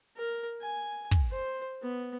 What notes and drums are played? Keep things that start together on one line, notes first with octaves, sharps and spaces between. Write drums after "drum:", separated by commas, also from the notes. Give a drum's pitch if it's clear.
A#4
G#5
drum: kick
C5
B3